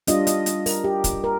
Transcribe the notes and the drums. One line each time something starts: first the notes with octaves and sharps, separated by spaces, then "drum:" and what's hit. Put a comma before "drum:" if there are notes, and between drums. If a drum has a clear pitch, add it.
G3 D4 F4 D#5, drum: hi-hat
D#5, drum: hi-hat
drum: hi-hat
A#4, drum: open hi-hat
G4
drum: kick, hi-hat
A#4